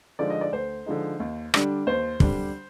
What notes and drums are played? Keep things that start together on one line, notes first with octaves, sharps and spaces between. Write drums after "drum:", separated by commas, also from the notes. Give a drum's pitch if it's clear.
D3 F3 G#3 D#4 D5
D#5
D5
D2 C5
D3 F3 G#3 D#4
D#2
D3 G3 D4, drum: rim click
D#2 C5
D3 G3 D4, drum: kick